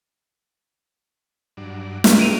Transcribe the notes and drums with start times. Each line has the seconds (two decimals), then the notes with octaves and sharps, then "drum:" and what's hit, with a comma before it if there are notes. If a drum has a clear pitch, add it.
1.57 G2 F#3 D4
2.04 G3 A#3 G4, drum: snare
2.19 D7 D#7 F7